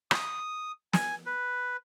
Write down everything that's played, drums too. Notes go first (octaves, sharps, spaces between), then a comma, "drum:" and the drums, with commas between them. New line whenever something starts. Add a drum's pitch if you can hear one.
D#6, drum: rim click
G#5, drum: snare
B4